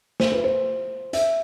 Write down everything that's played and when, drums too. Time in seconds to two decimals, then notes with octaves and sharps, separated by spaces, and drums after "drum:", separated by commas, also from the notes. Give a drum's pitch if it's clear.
0.20 C5, drum: snare
0.32 B4
0.44 C5
1.13 E5, drum: hi-hat